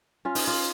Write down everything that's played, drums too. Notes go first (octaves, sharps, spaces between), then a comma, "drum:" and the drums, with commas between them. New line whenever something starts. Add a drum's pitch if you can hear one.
C#4 F4
D#4, drum: open hi-hat
F4